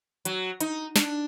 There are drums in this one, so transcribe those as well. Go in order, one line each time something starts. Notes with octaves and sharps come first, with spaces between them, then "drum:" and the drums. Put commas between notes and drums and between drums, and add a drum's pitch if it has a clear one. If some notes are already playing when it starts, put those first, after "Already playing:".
F#3, drum: hi-hat
D#4, drum: hi-hat
D4, drum: snare